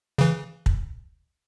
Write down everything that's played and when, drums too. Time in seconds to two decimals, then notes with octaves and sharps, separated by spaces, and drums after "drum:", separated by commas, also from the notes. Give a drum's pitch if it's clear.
0.18 C#3 E3
0.66 drum: kick